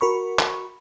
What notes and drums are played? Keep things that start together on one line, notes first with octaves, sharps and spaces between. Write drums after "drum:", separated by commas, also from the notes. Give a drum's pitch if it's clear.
F#4 A#4 B5 C#6
drum: clap